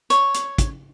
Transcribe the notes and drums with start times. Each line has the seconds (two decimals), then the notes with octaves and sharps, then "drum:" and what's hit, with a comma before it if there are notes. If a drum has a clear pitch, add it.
0.10 C#5, drum: hi-hat
0.34 drum: hi-hat
0.58 drum: kick, hi-hat